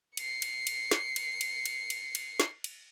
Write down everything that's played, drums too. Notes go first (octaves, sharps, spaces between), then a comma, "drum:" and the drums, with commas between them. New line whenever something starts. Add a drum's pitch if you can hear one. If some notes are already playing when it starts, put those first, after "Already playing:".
C7 C#7, drum: cymbal
drum: cymbal
drum: cymbal
drum: snare
drum: cymbal
drum: cymbal
drum: cymbal
drum: cymbal
drum: cymbal
drum: snare
drum: cymbal